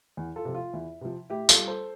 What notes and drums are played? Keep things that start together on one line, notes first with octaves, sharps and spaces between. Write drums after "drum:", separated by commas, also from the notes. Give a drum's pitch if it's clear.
E2
F4 A4
C3 F3
F4
E2 E4
C3 F3
A2 E4 G4
F4 A4, drum: tambourine
G3
A4 C5